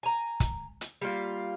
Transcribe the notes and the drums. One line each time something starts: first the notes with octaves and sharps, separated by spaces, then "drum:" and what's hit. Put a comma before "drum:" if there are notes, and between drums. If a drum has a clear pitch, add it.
G#5 A#5
drum: kick, hi-hat
drum: hi-hat
G3 A#3 F4